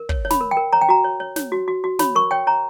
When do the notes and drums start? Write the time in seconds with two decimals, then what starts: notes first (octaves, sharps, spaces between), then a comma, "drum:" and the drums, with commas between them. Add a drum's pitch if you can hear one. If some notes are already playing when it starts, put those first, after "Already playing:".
Already playing: A#4
0.09 C#5, drum: kick
0.25 C#5
0.31 B5, drum: snare
0.41 A#4
0.51 G5
0.57 A#4
0.73 C#5 A#5
0.81 G5
0.89 F#4 A#5
1.04 C#5
1.20 C#5
1.36 C#5, drum: snare
1.52 F#4
1.68 F#4
1.84 F#4
1.99 C#5 B5, drum: snare
2.16 A#4 C#6
2.31 C#5 G5
2.47 C#5 A#5